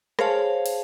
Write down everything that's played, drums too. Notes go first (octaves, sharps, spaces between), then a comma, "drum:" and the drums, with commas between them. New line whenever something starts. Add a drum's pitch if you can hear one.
G#4 C5 C#5 F5 A5, drum: rim click
drum: cymbal